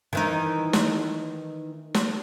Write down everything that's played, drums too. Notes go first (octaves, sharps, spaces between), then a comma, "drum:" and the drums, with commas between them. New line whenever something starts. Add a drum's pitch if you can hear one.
D#3 E3 D#4
drum: snare
drum: snare